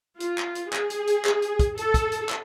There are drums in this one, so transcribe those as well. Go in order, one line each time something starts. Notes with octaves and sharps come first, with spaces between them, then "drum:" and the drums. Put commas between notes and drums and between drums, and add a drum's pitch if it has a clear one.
F4, drum: hi-hat
drum: clap
drum: hi-hat
G#4, drum: clap
drum: hi-hat
drum: hi-hat
drum: clap
drum: hi-hat
drum: kick, hi-hat
A4, drum: hi-hat
drum: kick, hi-hat
drum: hi-hat
drum: clap